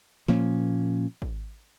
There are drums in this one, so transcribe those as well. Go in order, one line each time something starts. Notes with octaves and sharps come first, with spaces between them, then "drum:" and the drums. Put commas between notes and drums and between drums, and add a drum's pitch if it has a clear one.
A#2 F3 A#3 C#4, drum: snare
drum: kick G#1